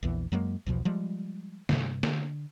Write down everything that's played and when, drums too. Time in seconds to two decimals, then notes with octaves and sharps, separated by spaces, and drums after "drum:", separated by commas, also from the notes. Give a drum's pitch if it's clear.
0.03 A#1 E2 E3
0.32 F#2 F#3 G#3 A#3
0.66 B1 E2 B2 F3
0.85 F3 G3 G#3
1.69 G2 C3, drum: snare
2.03 D3, drum: snare